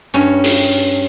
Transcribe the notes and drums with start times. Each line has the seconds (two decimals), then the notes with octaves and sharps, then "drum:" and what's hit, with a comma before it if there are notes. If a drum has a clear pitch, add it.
0.14 G2 C#4
0.44 drum: open hi-hat